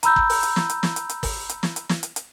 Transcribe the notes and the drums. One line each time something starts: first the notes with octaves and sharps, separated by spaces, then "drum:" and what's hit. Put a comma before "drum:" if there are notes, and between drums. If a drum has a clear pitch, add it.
A#5 B5 E6 G6, drum: hi-hat
drum: kick
drum: open hi-hat
drum: hi-hat
drum: snare
drum: hi-hat
drum: snare
drum: hi-hat
drum: hi-hat
drum: kick, open hi-hat
drum: hi-hat
drum: snare
drum: hi-hat
drum: snare
drum: hi-hat
drum: hi-hat